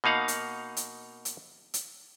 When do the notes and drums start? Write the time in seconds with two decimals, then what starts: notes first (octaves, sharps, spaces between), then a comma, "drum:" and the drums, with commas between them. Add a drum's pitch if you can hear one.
0.04 B2 A#3 D#4 F5 F#5
0.28 drum: hi-hat
0.77 drum: hi-hat
1.25 drum: hi-hat
1.74 drum: hi-hat